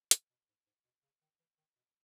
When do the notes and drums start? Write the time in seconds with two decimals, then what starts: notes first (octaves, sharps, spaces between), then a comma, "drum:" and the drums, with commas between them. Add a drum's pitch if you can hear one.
0.11 B2, drum: hi-hat
0.30 B2
0.48 G#2
0.66 G#2
0.84 B2
1.03 C#3
1.22 D#3
1.40 E3
1.58 D#3
1.76 B2